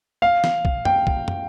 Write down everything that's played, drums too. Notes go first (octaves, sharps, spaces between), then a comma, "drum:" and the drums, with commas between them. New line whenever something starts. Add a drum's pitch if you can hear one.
F5
drum: snare
drum: kick
G5, drum: tom
drum: kick
drum: tom